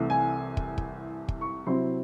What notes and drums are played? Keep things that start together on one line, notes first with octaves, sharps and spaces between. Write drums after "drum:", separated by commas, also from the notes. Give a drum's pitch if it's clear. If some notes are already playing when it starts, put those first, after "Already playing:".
Already playing: C2 C3 E3 A3
G#5
drum: kick
drum: kick
drum: kick
C#6
C3 F#3 C4 E4 C6